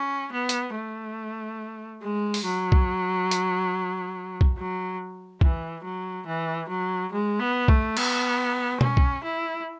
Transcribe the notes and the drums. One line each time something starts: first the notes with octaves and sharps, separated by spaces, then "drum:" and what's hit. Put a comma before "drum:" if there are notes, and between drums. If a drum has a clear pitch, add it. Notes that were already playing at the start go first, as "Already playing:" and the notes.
Already playing: C#4
B3
drum: hi-hat
A3
G#3
drum: open hi-hat
F#3
drum: kick
drum: hi-hat
drum: kick
F#3
E3, drum: kick
F#3
E3
F#3
G#3
B3
A3, drum: kick
B3, drum: cymbal
C#4, drum: tom B2
drum: kick
E4